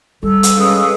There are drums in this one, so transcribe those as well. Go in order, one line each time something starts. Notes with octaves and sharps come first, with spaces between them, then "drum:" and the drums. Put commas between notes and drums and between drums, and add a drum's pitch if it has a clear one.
G3 A4
drum: hi-hat
G#3 C#4 B4 F5 D#6